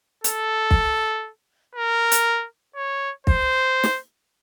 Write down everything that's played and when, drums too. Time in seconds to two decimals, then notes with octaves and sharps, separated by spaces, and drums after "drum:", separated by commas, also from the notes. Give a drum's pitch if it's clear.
0.24 A4, drum: hi-hat
0.71 drum: kick
1.75 A#4
2.12 drum: hi-hat
2.76 C#5
3.27 C5, drum: kick
3.83 drum: snare